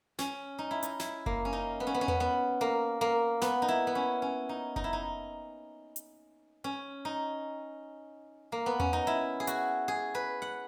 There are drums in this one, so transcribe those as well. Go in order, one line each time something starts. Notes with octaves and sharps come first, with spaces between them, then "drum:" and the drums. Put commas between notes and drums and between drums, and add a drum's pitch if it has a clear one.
C#4, drum: snare
D#4
E4
D#4, drum: hi-hat
E4, drum: snare
A#3, drum: kick F#1
C#4
D#4
B3
C#4
B3
C#4
B3, drum: tom E2
B3
A#3
A#3
B3, drum: snare
D#4
E4
B3
C#4
C#4
D#4
D#4, drum: kick F#1
E4
D#4
drum: hi-hat
C#4
D#4
A#3
B3
C#4, drum: tom E2
D#4
E4
G#4
F#4, drum: hi-hat
G#4
B4
F#5